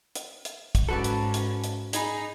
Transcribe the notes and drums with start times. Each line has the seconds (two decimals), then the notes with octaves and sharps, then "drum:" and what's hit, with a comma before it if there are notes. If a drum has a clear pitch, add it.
0.15 drum: hi-hat
0.45 drum: hi-hat
0.75 drum: kick, hi-hat
0.89 G#2 C#4 F#4 A4 B4 D5 A5
1.04 drum: hi-hat
1.34 drum: hi-hat
1.64 drum: hi-hat
1.93 D#4 G#4 B5, drum: hi-hat